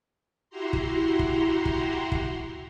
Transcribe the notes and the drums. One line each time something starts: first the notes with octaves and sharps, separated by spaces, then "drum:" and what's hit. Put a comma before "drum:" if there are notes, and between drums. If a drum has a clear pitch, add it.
E4 F#4 G4 A#5 C6
drum: kick
drum: kick
drum: kick
drum: kick